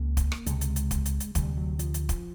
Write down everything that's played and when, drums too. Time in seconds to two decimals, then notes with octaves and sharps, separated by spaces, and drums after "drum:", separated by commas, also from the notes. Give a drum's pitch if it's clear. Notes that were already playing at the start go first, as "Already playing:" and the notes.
Already playing: C#2 C#3 A#3
0.17 drum: kick, hi-hat
0.32 drum: rim click
0.46 C#2 C3 G#3, drum: hi-hat
0.61 drum: hi-hat
0.76 drum: hi-hat
0.91 drum: kick, hi-hat
1.05 drum: hi-hat
1.20 drum: hi-hat
1.35 D2 C3 G3, drum: kick, hi-hat
1.57 F#3
1.79 F3, drum: hi-hat
1.94 drum: hi-hat
2.09 drum: kick, hi-hat